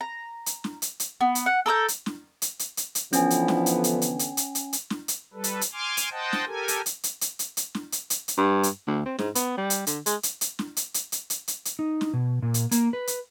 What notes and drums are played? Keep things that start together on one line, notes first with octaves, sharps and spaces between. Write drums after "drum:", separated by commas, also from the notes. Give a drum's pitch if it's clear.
A#5
drum: hi-hat
drum: snare
drum: hi-hat
drum: hi-hat
B3
drum: hi-hat
F#5
A4 A#4 E6 G6
drum: hi-hat
drum: snare
drum: hi-hat
drum: hi-hat
drum: hi-hat
drum: hi-hat
D3 E3 F3 B3 C#4 G#5, drum: hi-hat
drum: hi-hat
drum: snare
drum: hi-hat
drum: hi-hat
drum: hi-hat
drum: hi-hat
drum: hi-hat
drum: hi-hat
drum: hi-hat
drum: snare
drum: hi-hat
G3 A4 B4
drum: hi-hat
drum: hi-hat
G#5 C6 D6 F6
drum: hi-hat
C5 D#5 F#5 G5 A5
drum: snare
G4 A4 A#4 G#5
drum: hi-hat
drum: hi-hat
drum: hi-hat
drum: hi-hat
drum: hi-hat
drum: hi-hat
drum: snare
drum: hi-hat
drum: hi-hat
drum: hi-hat
G2
drum: hi-hat
D2
C4
G#2, drum: snare
B3, drum: hi-hat
G3
drum: hi-hat
D3, drum: hi-hat
G#3, drum: hi-hat
drum: hi-hat
drum: hi-hat
drum: snare
drum: hi-hat
drum: hi-hat
drum: hi-hat
drum: hi-hat
drum: hi-hat
drum: hi-hat
D#4
drum: snare
B2
A#2
drum: hi-hat
A#3, drum: hi-hat
B4
drum: hi-hat